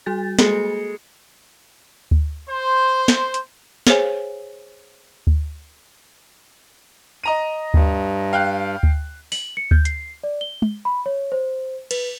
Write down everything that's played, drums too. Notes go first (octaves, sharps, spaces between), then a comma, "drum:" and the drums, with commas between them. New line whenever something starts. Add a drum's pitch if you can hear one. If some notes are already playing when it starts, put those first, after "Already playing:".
G3 F#4 A6
G#3 A#3 A4 C#7, drum: snare
drum: kick D2
C5
drum: snare
drum: hi-hat
G#4 C5 C#5 F5 G#5, drum: snare
drum: kick D2
D#5 A#5 D#7
G2, drum: kick D2
F5 G5 F#6
drum: kick D2
F#7, drum: open hi-hat
C#7
G6, drum: kick D2
C7, drum: hi-hat
D5
G7
drum: tom
B5
C#5
C5
B4, drum: cymbal